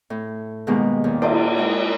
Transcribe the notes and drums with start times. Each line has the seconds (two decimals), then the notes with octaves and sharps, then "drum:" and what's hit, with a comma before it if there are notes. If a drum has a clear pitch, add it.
0.10 A2
0.67 G#2 B2 D#3 G3 G#3 A#3
1.04 D#2 A#2
1.22 D4 F4 C5 D5, drum: cymbal
1.57 G#3 D#4 F#5